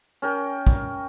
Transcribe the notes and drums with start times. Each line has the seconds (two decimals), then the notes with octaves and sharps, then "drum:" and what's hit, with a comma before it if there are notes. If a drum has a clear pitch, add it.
0.22 C#4 A#4 G5
0.67 drum: kick